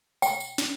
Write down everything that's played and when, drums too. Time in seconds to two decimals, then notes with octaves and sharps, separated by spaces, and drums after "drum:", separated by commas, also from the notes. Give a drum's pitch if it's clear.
0.22 G5, drum: tambourine
0.40 drum: tambourine
0.58 drum: snare